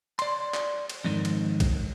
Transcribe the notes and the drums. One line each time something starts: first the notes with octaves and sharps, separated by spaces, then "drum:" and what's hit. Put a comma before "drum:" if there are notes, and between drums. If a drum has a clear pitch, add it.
D5 C6, drum: cymbal
drum: clap
drum: cymbal
F2 G#2 D#3
drum: cymbal
drum: kick A#1, cymbal